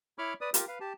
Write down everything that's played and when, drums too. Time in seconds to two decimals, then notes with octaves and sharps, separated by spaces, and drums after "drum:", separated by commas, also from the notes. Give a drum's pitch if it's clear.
0.18 E4 C#5 B5 C#6 D6 F6
0.41 B4 D5 D#6
0.54 F4 G4 A#4, drum: hi-hat
0.68 B4 F5
0.80 G4 A5